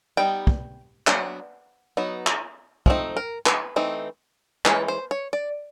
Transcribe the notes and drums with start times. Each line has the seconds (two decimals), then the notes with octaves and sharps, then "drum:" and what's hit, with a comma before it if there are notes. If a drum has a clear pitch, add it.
0.17 G3 B3 D#4 G5
0.47 drum: kick
1.07 F#3 B3 D4 F#5, drum: clap
1.97 F#3 B3 D#4
2.27 drum: clap
2.86 F3 A3 C4 D#4, drum: kick
3.17 A#4
3.46 B4, drum: clap
3.76 E3 A3 C4 D#4
4.65 E3 G#3 C#4 B4, drum: clap
4.88 C5
5.11 C#5
5.33 D5